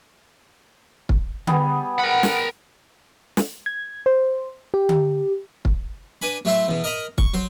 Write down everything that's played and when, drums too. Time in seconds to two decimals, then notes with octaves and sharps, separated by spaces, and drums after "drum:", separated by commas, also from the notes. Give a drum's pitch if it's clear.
1.09 drum: kick
1.47 G3 B3 G#4, drum: tom D3
1.99 A#4 F#5 B5
2.23 drum: snare
3.37 drum: snare
3.66 G#6
4.06 C5
4.74 G4
4.89 drum: tom D3
5.65 drum: kick
6.22 D4 B4 G#5 B5
6.45 F#3 A3 E4 C5 E5
6.68 E2 B2
6.84 A#4 D#5 A#5 B5
7.18 C#6, drum: kick
7.34 F#3 C5